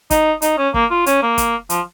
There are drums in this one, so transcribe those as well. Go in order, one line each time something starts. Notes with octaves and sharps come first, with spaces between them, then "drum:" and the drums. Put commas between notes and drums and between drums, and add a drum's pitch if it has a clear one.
D#4, drum: kick, hi-hat
D#4, drum: hi-hat
C#4
A#3, drum: kick
F4
C#4, drum: hi-hat
A#3
drum: kick, hi-hat
F3, drum: hi-hat